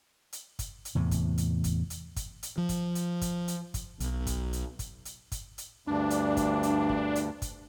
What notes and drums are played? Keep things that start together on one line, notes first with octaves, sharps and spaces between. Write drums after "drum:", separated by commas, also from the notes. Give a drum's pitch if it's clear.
drum: hi-hat
drum: kick, hi-hat
drum: hi-hat
E2 A2 C3
drum: kick, hi-hat
drum: hi-hat
drum: kick, hi-hat
drum: hi-hat
drum: kick, hi-hat
drum: hi-hat
F3
drum: kick, hi-hat
drum: hi-hat
drum: kick, hi-hat
drum: hi-hat
drum: kick, hi-hat
B1, drum: hi-hat
drum: kick, hi-hat
drum: hi-hat
drum: kick, hi-hat
drum: hi-hat
drum: kick, hi-hat
drum: hi-hat
D2 G2 D4
drum: hi-hat
drum: kick, hi-hat
drum: hi-hat
drum: kick
drum: hi-hat
drum: kick, hi-hat